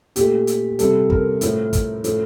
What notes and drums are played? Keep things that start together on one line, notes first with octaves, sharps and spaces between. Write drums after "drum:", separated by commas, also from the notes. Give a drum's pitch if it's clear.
A#2 A3 G4, drum: hi-hat
drum: hi-hat
C3 G3 A4, drum: hi-hat
A#4, drum: kick
A2 F3 A3, drum: hi-hat
drum: kick, hi-hat
A2 F3 A3, drum: hi-hat